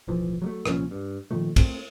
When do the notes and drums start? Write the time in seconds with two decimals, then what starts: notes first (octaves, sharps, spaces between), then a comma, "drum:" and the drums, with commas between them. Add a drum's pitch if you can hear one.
0.08 D1 B1 E3 F3
0.42 F#3 G3 A3
0.66 C2 A#2 F3 C#4, drum: rim click
0.91 G2
1.31 A#2 D#3 F3 A3
1.56 A3 C4, drum: kick, cymbal